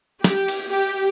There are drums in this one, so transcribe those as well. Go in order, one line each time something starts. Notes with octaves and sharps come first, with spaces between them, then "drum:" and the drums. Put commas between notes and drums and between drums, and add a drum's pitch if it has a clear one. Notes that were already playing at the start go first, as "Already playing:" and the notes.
G4, drum: snare
drum: cymbal
G4